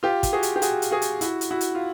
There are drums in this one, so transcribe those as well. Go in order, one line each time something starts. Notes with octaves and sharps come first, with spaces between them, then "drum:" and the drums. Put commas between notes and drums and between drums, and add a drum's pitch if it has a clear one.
F4 G4
drum: kick, hi-hat
F#4 G#4
drum: hi-hat
G4
F#4 G#4, drum: hi-hat
drum: hi-hat
F#4 G#4
drum: hi-hat
E4 F#4, drum: hi-hat
drum: hi-hat
E4 F#4
drum: hi-hat
F4